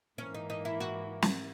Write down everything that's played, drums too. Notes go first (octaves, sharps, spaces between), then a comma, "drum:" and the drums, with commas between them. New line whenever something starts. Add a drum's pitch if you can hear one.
G#2 E3 A#3 C#4
D#4
D#4
E4
F#4
drum: snare